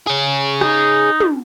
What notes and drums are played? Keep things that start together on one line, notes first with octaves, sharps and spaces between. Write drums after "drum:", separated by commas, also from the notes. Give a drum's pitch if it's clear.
G#4 C#5
D#4, drum: rim click
drum: tom